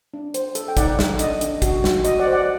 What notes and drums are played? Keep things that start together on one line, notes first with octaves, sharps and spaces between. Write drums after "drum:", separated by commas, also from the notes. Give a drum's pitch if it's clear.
D4
C5, drum: hi-hat
A4, drum: hi-hat
G5
D#4 D5 F#5, drum: kick, hi-hat
A4, drum: snare
D4 D#5, drum: hi-hat
D4, drum: hi-hat
F#4, drum: kick, hi-hat
F#4, drum: snare
F#4 D#5, drum: hi-hat
D5 F#5
C5
D5 F#5